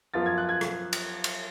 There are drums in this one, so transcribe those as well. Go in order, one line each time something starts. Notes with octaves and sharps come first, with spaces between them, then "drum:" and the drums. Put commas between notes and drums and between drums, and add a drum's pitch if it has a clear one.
F#2 F3 B3 F4 A6
G#6
F#6
G#6
drum: rim click
drum: cymbal
drum: cymbal